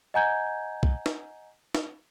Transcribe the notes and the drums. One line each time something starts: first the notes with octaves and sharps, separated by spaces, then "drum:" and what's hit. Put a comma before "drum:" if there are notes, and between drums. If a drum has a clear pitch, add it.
D#5 F#5 G#5 A#5 G6 G#6
drum: kick
drum: snare
drum: snare